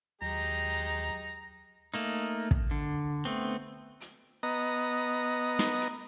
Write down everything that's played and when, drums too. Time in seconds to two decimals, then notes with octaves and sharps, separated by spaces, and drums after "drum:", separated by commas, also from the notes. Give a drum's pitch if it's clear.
0.22 D#2 F#3 G#3 D#4 G4 A#5
1.94 A3 A#3 D#4
2.51 drum: kick
2.71 D3
3.25 A3 B3 C4
4.00 drum: hi-hat
4.43 B3 D#5 A#5
5.59 drum: snare
5.80 drum: hi-hat